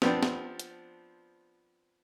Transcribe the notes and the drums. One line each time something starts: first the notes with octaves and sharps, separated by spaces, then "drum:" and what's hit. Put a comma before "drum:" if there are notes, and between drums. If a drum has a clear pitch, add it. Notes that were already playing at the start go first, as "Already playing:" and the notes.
F3 B3 C4 D4, drum: snare
drum: snare
drum: hi-hat